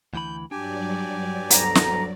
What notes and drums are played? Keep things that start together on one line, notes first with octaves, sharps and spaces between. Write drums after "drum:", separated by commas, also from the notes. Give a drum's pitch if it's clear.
D2 E3 B5 G6
G2 F#3 D4 G4 D5 G#5
D2 B3 D4 A#5, drum: hi-hat
drum: snare